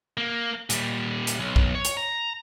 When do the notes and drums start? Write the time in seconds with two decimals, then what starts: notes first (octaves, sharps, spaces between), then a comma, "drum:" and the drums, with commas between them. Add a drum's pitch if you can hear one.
0.17 A#3
0.70 A#2 G3, drum: hi-hat
1.27 drum: hi-hat
1.40 B1
1.56 drum: kick B1
1.75 C#5
1.85 drum: hi-hat
1.97 A#5